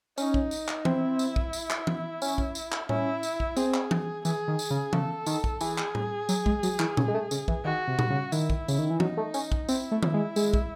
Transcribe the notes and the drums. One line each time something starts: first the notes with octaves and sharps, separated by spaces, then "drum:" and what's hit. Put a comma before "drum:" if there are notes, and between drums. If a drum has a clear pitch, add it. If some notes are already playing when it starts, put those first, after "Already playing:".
C#4 D#4, drum: tambourine
drum: kick
drum: tambourine
drum: clap
C4 E4, drum: tom E3
drum: tambourine
drum: kick
drum: tambourine
drum: clap
drum: tom E3
C#4, drum: tambourine
drum: kick
drum: tambourine
drum: clap
C#4 E4, drum: tom A2
drum: tambourine
drum: kick
C4 G#4, drum: tambourine
drum: clap
drum: tom E3
E3 G#4, drum: tambourine
D#3
drum: tambourine
C#3
C#3 A4, drum: tom E3
D#3, drum: tambourine
drum: kick
E3 G#4, drum: tambourine
drum: clap
drum: tom A2
F#3, drum: tambourine
G#3, drum: kick
F#3, drum: tambourine
E3, drum: clap
C#3, drum: tom A#2
G#3
A3
C#3, drum: tambourine
E3, drum: kick
D#3 F#4
C3
drum: tom A#2
C#3
D#3 E4, drum: tambourine
drum: kick
C#3, drum: tambourine
D#3
E3
F#3 D#4, drum: tom E3
A3
C#4, drum: tambourine
drum: kick
C4 E4, drum: tambourine
A3
drum: tom D#3
G#3
G#3, drum: tambourine
drum: kick